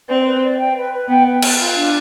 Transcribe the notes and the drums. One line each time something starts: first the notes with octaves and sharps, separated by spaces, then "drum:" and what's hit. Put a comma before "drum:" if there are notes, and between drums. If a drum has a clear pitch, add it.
C4 D5
B4
D5
G5
B4
B4
B3 G5
B4
B4, drum: cymbal
F4
D4